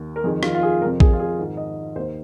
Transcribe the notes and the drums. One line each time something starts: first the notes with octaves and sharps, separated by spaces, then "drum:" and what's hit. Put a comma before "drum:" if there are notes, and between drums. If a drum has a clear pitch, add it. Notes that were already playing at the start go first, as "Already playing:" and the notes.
Already playing: D#2
A#4
F2 D#3 G#4
F4, drum: rim click
F4
G#4
F2 C3 F3 A#4
G#4, drum: kick A#1
F4
G#4
G#2 D#3
D#5
D#2 D#3 C5